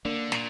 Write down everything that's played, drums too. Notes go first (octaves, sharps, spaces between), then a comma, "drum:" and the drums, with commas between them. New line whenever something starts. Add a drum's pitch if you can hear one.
D3 A#3 D4
A#2, drum: snare